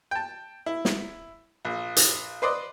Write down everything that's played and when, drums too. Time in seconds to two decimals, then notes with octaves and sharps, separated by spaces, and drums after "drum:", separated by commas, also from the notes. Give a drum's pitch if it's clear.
0.11 G5 A5
0.66 E4
0.85 drum: snare
1.65 A#1
1.96 drum: hi-hat
2.42 B4 C5 D5 D#5